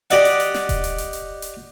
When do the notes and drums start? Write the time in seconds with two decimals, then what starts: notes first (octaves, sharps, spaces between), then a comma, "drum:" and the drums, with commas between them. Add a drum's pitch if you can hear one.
0.10 G4 D5 D#5 F#5, drum: hi-hat
0.25 drum: hi-hat
0.40 drum: hi-hat
0.54 drum: snare
0.69 drum: kick D#1, hi-hat
0.84 drum: hi-hat
0.98 drum: hi-hat
1.13 drum: hi-hat
1.42 drum: hi-hat